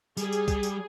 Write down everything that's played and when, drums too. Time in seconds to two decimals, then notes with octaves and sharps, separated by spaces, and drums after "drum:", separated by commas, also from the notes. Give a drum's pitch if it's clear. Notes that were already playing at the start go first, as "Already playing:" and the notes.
0.17 G3 G#4, drum: tambourine
0.32 drum: tambourine
0.48 drum: kick C2, tambourine
0.63 drum: tambourine